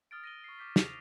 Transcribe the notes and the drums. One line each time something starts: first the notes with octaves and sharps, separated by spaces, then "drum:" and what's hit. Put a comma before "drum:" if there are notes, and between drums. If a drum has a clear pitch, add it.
D#6 F6 A6 D7
A#6 D#7 G7
C#6 C7
D6 G6 B6
F7, drum: snare